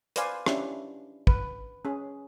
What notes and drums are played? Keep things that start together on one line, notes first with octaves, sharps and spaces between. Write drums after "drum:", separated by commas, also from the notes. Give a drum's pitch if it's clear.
B4 C5 D5 F5 G#5, drum: hi-hat
C#4 D4 E4 G4, drum: rim click
B4, drum: kick
C#4 G#4